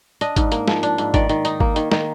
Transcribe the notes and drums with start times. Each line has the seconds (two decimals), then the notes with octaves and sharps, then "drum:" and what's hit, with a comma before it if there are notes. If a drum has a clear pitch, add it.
0.21 D4 D#5, drum: hi-hat
0.36 G#2, drum: kick G#1, hi-hat
0.52 A#3, drum: hi-hat
0.68 F3, drum: snare
0.83 D4, drum: hi-hat
0.98 G#2, drum: hi-hat
1.14 D#3 D5, drum: kick G#1, hi-hat
1.29 D#3, drum: hi-hat
1.45 D#4, drum: hi-hat
1.60 A#3, drum: kick G#1
1.76 D#3, drum: hi-hat
1.92 D#3, drum: snare